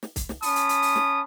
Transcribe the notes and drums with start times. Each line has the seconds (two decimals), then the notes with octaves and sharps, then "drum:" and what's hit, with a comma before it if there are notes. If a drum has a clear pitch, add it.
0.03 drum: snare
0.16 drum: kick C2, hi-hat
0.29 drum: snare
0.42 C#4 A5 B5 D#6, drum: open hi-hat
0.56 drum: hi-hat
0.69 drum: hi-hat
0.82 drum: open hi-hat
0.96 drum: snare